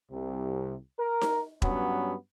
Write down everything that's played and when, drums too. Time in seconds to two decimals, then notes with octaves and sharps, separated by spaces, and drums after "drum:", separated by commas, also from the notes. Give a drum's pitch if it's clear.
0.11 C2 C3
0.99 A#4
1.21 drum: snare D#4
1.62 G2 F#3 B3 C#4, drum: kick E1